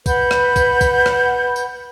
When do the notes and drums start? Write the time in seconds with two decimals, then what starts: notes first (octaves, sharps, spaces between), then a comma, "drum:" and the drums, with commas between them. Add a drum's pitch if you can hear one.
0.06 B4 F#5 B5 G6, drum: kick B1, tambourine
0.31 drum: rim click
0.56 drum: kick B1, tambourine
0.81 drum: kick B1, tambourine
1.06 drum: rim click
1.56 drum: tambourine